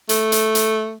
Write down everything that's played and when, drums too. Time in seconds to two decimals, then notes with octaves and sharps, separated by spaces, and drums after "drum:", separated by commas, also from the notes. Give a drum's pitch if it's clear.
0.09 A3, drum: hi-hat
0.32 drum: hi-hat
0.55 drum: hi-hat